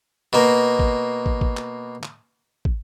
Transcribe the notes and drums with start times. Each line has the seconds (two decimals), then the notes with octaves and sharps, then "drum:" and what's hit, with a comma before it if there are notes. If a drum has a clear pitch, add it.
0.33 B2 A#3
0.79 drum: kick
1.26 drum: kick
1.41 drum: kick
1.57 drum: clap
2.03 drum: clap
2.65 drum: kick